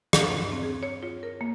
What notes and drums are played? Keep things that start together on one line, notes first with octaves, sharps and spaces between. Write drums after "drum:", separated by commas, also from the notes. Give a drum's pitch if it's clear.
drum: rim click
G2
C4
G#4
C#5
F4
A#4
A#3